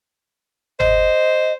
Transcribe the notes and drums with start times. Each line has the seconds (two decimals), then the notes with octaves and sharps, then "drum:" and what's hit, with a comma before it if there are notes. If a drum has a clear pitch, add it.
0.80 C5 D#5, drum: tom G1